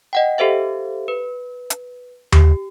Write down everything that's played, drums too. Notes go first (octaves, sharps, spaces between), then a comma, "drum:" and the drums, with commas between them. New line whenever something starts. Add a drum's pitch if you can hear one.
D#5 F#5 G5
G4 A4 C5 E5 F5
B4
drum: hi-hat
G4, drum: tom D#2